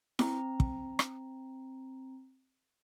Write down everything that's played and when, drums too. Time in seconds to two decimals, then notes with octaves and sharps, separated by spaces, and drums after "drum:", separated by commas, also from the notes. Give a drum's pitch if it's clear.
0.19 C4 A#5, drum: snare E4
0.60 drum: kick
0.99 drum: rim click